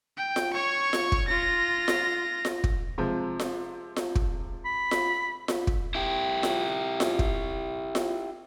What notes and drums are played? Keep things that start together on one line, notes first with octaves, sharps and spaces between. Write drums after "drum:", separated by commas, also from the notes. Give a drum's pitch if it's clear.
G5
drum: snare F4
C#5 C#6
drum: snare F4
drum: kick
F4 A#6
drum: snare F4
drum: snare F4
drum: kick
C3 F3 G#3
drum: snare F4
drum: snare F4
drum: kick
B5
drum: snare F4
drum: snare F4
drum: kick
E4 G4
drum: snare F4
drum: snare F4
drum: kick
drum: snare F4